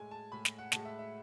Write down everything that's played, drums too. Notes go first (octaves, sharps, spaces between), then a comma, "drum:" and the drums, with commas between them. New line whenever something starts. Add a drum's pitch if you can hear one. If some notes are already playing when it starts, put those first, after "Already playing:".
Already playing: A2 G#3 G#5
A5
A2 G#3 B5
drum: snare
F#5
A2 G#3 A5, drum: snare
E5
E5